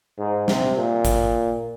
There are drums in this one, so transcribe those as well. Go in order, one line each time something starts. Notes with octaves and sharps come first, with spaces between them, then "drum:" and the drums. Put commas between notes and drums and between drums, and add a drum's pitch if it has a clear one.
G#2
C3, drum: snare
A#2
drum: kick, hi-hat